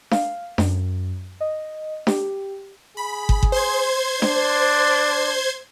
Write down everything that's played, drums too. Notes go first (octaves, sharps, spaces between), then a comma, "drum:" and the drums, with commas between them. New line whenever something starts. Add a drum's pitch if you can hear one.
F5, drum: snare D4
F#2, drum: snare D4
D#5
G4, drum: snare D4
G#4 B5
drum: kick
drum: kick
C5 C6 G#6
D4, drum: snare D4